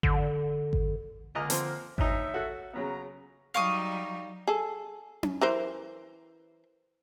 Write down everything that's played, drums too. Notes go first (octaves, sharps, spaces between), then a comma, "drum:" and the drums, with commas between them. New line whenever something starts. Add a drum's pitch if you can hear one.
D3, drum: kick G#1
drum: kick G#1
C#2 D3 A#3 D#5 A#5
F3 C4 C6, drum: hi-hat
D2 D#4 C#5 E5, drum: kick G#1
F#4 A4
C#3 F#3 B3 A#5
F#3 G3 D#4 F5 C#6 D#6
G#4 A4
drum: tom C#4
E3 A#4 C5